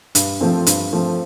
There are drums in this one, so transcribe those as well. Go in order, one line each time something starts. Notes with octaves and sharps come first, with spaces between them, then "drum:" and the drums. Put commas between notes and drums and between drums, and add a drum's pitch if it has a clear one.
G2, drum: hi-hat
F3 A3 C4
G2, drum: hi-hat
F3 A3 C4